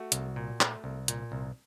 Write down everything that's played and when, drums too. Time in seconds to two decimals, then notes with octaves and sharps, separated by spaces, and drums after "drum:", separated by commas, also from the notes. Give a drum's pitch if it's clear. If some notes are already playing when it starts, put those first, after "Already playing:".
Already playing: A3 F#4
0.12 C2, drum: hi-hat
0.36 A#2
0.61 A3, drum: clap
0.84 C2
1.08 A#2, drum: hi-hat
1.32 C2